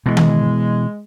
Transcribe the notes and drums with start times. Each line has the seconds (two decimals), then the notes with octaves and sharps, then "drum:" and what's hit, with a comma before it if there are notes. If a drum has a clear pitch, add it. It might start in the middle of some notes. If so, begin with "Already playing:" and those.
0.06 B2 E3 G#3
0.17 drum: tom D#3